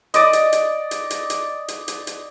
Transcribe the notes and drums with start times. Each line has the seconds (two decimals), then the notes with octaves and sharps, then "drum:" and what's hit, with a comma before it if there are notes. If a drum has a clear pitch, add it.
0.14 D5 D#5, drum: hi-hat
0.33 drum: hi-hat
0.52 drum: hi-hat
0.91 drum: hi-hat
1.10 drum: hi-hat
1.30 drum: hi-hat
1.68 drum: hi-hat
1.88 drum: hi-hat
2.07 drum: hi-hat